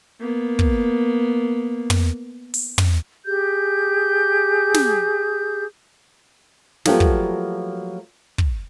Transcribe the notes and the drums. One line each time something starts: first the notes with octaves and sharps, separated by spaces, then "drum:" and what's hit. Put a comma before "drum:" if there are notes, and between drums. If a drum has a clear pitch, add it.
A#3 B3
drum: kick
drum: tom
drum: open hi-hat
drum: tom
G4 G#4 G6
drum: snare
F3 F#3 A3 A#3 G4 B4, drum: snare
drum: kick
drum: kick